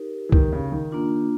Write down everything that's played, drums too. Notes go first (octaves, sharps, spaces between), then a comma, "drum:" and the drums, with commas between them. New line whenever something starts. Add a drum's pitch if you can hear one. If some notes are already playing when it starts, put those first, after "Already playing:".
Already playing: D#4 G4 A#4
E3
D#3, drum: kick C2
C#3
D#3
A#3 D4 F4